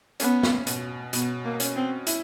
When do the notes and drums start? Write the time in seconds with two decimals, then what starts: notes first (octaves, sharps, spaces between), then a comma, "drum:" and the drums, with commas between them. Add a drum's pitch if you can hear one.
0.20 B3 C#4, drum: hi-hat
0.43 drum: snare
0.67 B2, drum: hi-hat
1.13 B2 B3, drum: hi-hat
1.45 A#3
1.60 C#4, drum: hi-hat
1.76 C4
2.07 E4, drum: hi-hat